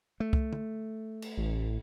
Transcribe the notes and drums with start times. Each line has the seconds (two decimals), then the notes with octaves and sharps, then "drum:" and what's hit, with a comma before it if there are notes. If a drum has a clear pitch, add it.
0.20 A3
0.33 drum: kick
0.53 drum: tom
1.22 drum: cymbal
1.37 A1